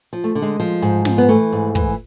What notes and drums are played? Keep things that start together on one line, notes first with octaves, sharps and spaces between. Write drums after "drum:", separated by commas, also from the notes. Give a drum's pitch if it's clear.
F3
A3
D3
G#3
F3
G#2
F3, drum: snare
B3
E3 A3
G#2
E3, drum: kick